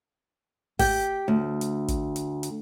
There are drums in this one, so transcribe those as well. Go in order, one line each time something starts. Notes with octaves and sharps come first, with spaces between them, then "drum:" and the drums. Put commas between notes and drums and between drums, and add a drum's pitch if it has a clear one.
G4 G5, drum: kick, open hi-hat
D2
drum: hi-hat
drum: kick, hi-hat
drum: hi-hat
drum: hi-hat